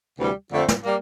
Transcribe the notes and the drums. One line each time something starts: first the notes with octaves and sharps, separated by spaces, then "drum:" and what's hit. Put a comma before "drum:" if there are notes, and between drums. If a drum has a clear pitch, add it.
D2 C3 E3 G3
F2 D3 A3 C4
drum: snare
G3 A#3